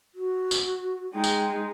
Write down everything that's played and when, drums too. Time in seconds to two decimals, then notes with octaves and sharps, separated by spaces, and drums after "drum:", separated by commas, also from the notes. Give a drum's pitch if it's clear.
0.15 F#4
0.51 drum: tambourine
1.14 G#3 D#4 G5
1.24 drum: tambourine